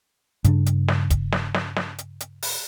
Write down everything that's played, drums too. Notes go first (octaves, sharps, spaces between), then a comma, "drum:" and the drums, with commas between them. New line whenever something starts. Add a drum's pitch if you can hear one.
G2 C#3 D4, drum: hi-hat
drum: hi-hat
drum: snare
drum: kick, hi-hat
drum: snare
drum: snare
drum: snare
drum: hi-hat
drum: hi-hat
drum: open hi-hat